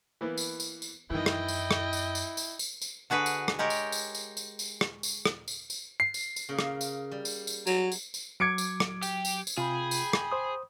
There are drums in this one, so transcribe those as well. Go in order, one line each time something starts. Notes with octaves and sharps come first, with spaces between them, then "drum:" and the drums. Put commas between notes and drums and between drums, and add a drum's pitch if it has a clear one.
E3 A#3 B3
drum: tambourine
drum: tambourine
drum: tambourine
F#2 D#3 E3 E4 D#5 G5
drum: rim click
drum: tambourine
drum: rim click
drum: tambourine
drum: tambourine
drum: tambourine
drum: tambourine
drum: tambourine
D3 F#4 G#4 B4
drum: tambourine
drum: rim click
G#3 G4 A#4 C#5
drum: tambourine
drum: tambourine
drum: tambourine
drum: tambourine
drum: tambourine
drum: rim click
drum: tambourine
drum: rim click
drum: tambourine
drum: tambourine
C7
drum: tambourine
drum: tambourine
C#3 A#3 A#4
drum: rim click
drum: tambourine
G3
drum: tambourine
drum: tambourine
F#3, drum: tambourine
drum: tambourine
drum: tambourine
F#3 D6 G#6 C#7 D7
drum: tambourine
drum: rim click
G4, drum: tambourine
drum: tambourine
drum: tambourine
C3 F4 G#4 G5 B5
drum: tambourine
drum: rim click
C5 D#6